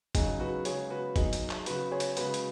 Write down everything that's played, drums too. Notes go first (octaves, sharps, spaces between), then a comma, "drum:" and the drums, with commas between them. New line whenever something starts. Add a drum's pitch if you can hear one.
C#3 F#3 D#4 G#4, drum: kick F#1, hi-hat
F#4 B4
C#3 G#3 G#4 C#5, drum: hi-hat
F#4 B4
B2 F#3 D#4 G#4, drum: kick F#1, hi-hat
drum: hi-hat
drum: clap
C#3 F#3 F#4 B4, drum: hi-hat
G#4 C#5
drum: hi-hat
C#3 G#3 F#4 B4, drum: hi-hat
drum: hi-hat